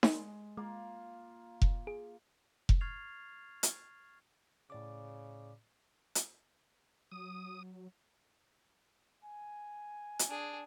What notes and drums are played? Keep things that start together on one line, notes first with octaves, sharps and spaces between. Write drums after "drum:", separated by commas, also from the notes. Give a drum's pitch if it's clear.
G#3, drum: snare D#4
G#3 A#3 F4
drum: kick F1
G#4
drum: kick F1
C#6 F6 G#6 A6 C7 F7
drum: hi-hat
A2 C#3 D5 D6
drum: hi-hat
F#3 D#6
G#5
drum: hi-hat
D4 G#4